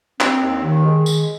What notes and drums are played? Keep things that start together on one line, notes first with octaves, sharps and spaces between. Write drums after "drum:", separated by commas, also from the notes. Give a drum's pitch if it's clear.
C4, drum: clap
D#2
D#3
G#3
D#3, drum: tambourine